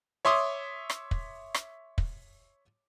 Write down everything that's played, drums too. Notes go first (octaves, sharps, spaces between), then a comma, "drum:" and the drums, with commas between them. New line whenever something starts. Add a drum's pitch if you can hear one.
C#5 E5 C6 D6 D#6
drum: rim click
drum: kick
drum: rim click
drum: kick